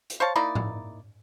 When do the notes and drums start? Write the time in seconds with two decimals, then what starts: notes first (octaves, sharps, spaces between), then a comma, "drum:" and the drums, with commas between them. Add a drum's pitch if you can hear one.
0.10 drum: hi-hat
0.20 C5 C#5 F5 A5
0.36 A#3 D#4 E4 D5
0.55 drum: tom A2